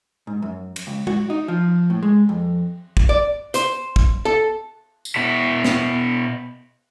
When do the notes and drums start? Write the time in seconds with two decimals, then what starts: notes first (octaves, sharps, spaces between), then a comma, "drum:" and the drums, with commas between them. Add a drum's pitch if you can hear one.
0.27 G#2
0.42 F#2
0.76 drum: cymbal
0.87 C#2
1.07 F#4, drum: tom G#3
1.30 D#4
1.48 F3
1.90 A2
2.03 G#3
2.29 F2
2.97 drum: kick
3.09 D5
3.54 C5, drum: hi-hat
3.96 drum: kick
4.25 A4
5.05 drum: tambourine
5.16 B2 E4
5.65 drum: snare